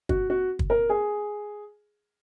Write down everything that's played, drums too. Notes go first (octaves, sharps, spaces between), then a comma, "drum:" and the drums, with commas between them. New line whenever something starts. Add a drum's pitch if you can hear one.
F#4, drum: kick
F#4
drum: kick
A#4
G#4